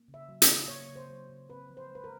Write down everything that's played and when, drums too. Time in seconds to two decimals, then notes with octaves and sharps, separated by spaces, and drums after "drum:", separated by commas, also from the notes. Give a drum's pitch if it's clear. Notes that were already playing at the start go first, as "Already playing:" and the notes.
Already playing: A#3
0.08 C#3
0.14 E5
0.29 F#3
0.42 D#5, drum: hi-hat
0.48 C#3
0.68 A#3 C#5
0.89 C#3
0.96 C5
1.09 F#3
1.29 C#3
1.49 C4 B4
1.69 F3
1.77 C5
1.90 G#3 B4
2.04 A#4